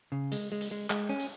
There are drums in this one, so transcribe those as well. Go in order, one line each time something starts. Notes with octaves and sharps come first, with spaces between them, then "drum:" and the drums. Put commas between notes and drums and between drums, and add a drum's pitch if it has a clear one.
C#3
G#3, drum: hi-hat
G#3
drum: hi-hat
G#3
G#3, drum: clap
C#4
drum: hi-hat